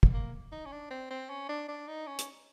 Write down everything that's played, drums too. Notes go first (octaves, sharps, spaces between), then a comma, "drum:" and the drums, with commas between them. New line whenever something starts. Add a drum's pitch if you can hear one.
drum: kick
A#3
D#4
C#4
D4
C4
C4
C#4
D4
D4
D#4
C#4
drum: hi-hat